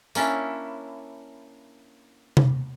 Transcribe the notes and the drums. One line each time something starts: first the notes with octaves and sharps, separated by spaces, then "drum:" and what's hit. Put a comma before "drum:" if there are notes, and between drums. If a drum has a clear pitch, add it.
A#3 C#4 D4 E4, drum: tambourine
drum: tom C3